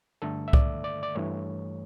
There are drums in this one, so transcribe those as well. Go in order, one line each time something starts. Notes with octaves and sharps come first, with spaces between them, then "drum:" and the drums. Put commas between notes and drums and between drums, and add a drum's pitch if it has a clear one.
G2 D3 A3 A4
E5
D5, drum: kick C2
D5
D5
G2 E3 A3 C#5